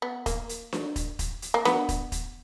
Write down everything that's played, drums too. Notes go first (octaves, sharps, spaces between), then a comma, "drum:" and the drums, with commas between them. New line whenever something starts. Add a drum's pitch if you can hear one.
B3
A#3, drum: kick, hi-hat
drum: hi-hat
drum: snare D4
drum: kick, hi-hat
drum: kick, hi-hat
drum: hi-hat
A#3
B3, drum: snare D4
drum: kick, hi-hat
drum: kick, hi-hat